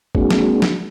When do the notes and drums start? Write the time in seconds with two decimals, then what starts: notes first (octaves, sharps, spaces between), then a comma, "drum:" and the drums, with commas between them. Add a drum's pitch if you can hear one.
0.15 G#3 A#3 C4 D4 F#4 G#4, drum: kick
0.31 drum: snare
0.62 drum: snare